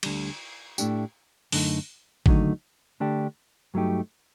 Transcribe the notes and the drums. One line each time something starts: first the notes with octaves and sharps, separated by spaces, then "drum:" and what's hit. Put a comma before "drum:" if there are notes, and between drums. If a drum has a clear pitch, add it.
D2 D3 G3, drum: cymbal
A2 A3 D4 G4, drum: tambourine
F#2 D3 A3 D#4, drum: open hi-hat
D#2 D3 F#3 A3 D#4, drum: kick
D3 A3 D4 G4
G2 F#3 A3 D#4 G4